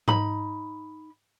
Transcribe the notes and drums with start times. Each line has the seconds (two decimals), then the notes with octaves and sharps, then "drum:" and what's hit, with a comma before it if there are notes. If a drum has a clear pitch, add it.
0.08 D#4 B5, drum: tom G#2